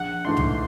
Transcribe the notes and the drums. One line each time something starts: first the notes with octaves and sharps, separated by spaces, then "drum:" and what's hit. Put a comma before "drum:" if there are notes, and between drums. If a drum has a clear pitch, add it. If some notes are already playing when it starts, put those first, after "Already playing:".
Already playing: A#1 F#5
G#2 E3 A3 D4 C6
drum: tom C#2